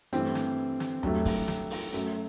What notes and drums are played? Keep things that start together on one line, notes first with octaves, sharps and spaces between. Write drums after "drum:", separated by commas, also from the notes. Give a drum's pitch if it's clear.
G2 E3 A3 C4, drum: hi-hat
drum: snare
drum: snare
G2 F#3 A3, drum: tom D#2
drum: kick, open hi-hat
drum: snare
drum: open hi-hat
F#2 F#3 A3, drum: hi-hat